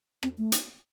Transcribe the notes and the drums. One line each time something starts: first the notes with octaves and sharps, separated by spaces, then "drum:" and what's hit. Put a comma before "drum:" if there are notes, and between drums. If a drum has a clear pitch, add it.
C4, drum: rim click
A3
drum: hi-hat